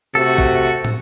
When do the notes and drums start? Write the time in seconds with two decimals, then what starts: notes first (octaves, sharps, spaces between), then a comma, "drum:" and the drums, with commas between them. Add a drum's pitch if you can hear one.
0.15 C3 A3 F#4 A4
0.38 drum: kick
0.85 drum: tom